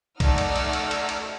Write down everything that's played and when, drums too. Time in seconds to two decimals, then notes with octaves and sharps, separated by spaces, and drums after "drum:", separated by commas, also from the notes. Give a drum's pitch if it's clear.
0.20 A3 D#4 D5 F#5 E6 F6, drum: kick B1, cymbal
0.38 drum: cymbal
0.56 drum: cymbal
0.73 drum: cymbal
0.91 drum: cymbal
1.09 drum: cymbal